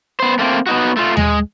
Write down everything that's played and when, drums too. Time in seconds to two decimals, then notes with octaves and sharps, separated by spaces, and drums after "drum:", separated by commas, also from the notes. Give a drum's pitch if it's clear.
0.20 B3 C5
0.39 A3 A#3 C4
0.67 B3 D#4 F#4
0.97 A3 F4
1.17 G#3, drum: tom D#2